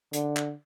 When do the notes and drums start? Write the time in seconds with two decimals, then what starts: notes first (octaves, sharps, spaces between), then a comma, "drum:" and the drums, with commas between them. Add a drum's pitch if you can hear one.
0.13 D3, drum: hi-hat
0.37 drum: clap